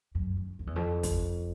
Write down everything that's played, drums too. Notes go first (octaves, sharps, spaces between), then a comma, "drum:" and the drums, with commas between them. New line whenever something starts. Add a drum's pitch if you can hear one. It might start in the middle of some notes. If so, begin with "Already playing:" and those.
F#2
F#2
F2
E2
F2
drum: kick, hi-hat